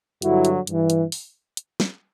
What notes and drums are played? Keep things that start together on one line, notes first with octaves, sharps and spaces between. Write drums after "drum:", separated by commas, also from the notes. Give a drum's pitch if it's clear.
G2 D3 F#3 E4 F#4, drum: hi-hat
drum: hi-hat
G2 E3, drum: hi-hat
drum: hi-hat
drum: open hi-hat
drum: hi-hat
drum: snare